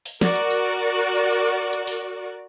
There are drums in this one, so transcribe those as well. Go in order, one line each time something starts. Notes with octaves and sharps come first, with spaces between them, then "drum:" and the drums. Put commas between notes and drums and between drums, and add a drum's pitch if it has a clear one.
drum: open hi-hat
F#4 A#4 D5, drum: snare
drum: hi-hat
drum: tambourine
drum: hi-hat
drum: open hi-hat